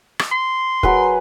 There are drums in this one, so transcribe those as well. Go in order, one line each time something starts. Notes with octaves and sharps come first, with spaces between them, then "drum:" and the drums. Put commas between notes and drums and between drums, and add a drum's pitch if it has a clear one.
drum: rim click
C6
F#3 G#4 B4, drum: kick